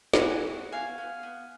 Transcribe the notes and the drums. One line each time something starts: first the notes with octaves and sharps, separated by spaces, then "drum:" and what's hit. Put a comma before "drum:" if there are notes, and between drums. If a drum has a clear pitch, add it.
C#6, drum: snare
F#4 G#5 B5
F#4
B3 F5 G#5
B3
B3